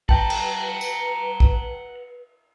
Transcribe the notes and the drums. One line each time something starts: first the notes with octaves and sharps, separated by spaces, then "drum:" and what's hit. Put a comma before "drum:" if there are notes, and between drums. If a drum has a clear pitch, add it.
B4 F#5 G5 A5 A#5, drum: kick
drum: cymbal
drum: tambourine
drum: kick